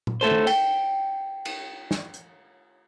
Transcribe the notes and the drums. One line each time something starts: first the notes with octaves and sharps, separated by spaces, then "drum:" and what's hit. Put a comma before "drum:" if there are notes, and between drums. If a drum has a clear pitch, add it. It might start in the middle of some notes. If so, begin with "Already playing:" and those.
drum: tom A#2
A2 A3 A4 C5
drum: tom
G5, drum: cymbal
drum: cymbal
drum: snare
drum: hi-hat